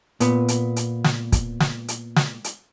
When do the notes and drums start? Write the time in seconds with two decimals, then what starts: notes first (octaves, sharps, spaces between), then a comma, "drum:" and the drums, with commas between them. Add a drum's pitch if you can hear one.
0.20 A#2 B3, drum: hi-hat
0.48 drum: hi-hat
0.76 drum: hi-hat
1.04 drum: snare
1.32 drum: kick, hi-hat
1.60 drum: snare
1.88 drum: hi-hat
2.16 drum: snare
2.44 drum: hi-hat